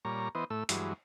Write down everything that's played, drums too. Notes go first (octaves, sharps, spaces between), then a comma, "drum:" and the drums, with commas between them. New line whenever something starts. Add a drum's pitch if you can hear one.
A#2 G3 C#5 A#5
E3 B3 C5 D#5
A2 A3 E6
G2 E3 F#3 G#3, drum: hi-hat